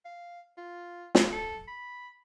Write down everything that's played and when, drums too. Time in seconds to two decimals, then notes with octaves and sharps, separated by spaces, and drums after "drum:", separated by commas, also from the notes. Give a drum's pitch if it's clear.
0.05 F5
0.58 F4
1.15 F4, drum: snare
1.33 A4
1.68 B5